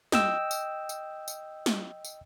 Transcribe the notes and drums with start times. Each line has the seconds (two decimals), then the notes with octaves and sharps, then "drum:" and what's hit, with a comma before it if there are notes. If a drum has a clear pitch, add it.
0.12 D#5 G5 E6, drum: snare
0.51 drum: tambourine
0.89 drum: tambourine
1.28 drum: tambourine
1.66 drum: snare
2.05 drum: tambourine